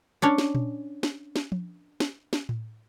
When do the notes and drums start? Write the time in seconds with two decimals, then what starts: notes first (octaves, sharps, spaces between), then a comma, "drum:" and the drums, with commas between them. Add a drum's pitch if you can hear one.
0.22 C#4 D4 C#5
0.38 drum: snare
0.55 drum: tom A#2
1.03 drum: snare
1.36 drum: snare
1.52 drum: tom F3
2.00 drum: snare
2.33 drum: snare
2.49 drum: tom A2